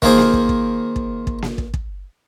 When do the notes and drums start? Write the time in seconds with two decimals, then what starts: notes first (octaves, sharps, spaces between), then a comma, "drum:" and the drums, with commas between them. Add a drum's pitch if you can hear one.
0.02 D#3 A#3 F4 G#4 C5, drum: kick
0.18 drum: snare A#3
0.33 drum: kick
0.49 drum: kick
0.96 drum: kick
1.27 drum: kick
1.42 drum: snare A#3
1.58 drum: kick
1.74 drum: kick